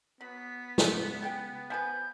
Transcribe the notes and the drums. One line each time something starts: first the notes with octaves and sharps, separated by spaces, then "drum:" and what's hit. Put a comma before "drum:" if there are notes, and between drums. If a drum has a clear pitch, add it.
F#3 B3 B6
C#2, drum: snare
G4 G#4 G5
F3 B4 E5 F#5 G#5 G6